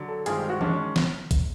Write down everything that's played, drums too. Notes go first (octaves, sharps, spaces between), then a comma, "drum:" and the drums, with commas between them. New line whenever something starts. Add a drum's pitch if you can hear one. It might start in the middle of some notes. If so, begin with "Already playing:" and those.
Already playing: D3 F#3
A4
G2 D#3 G#3 C4 F4 G#4, drum: hi-hat
G4
F#4
D#3 G#3 C#4 D4, drum: tom E3
drum: snare
drum: kick, hi-hat